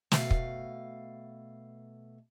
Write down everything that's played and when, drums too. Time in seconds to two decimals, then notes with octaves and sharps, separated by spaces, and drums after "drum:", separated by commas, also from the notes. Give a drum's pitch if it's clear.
0.12 B2 A3 F5, drum: snare
0.31 drum: kick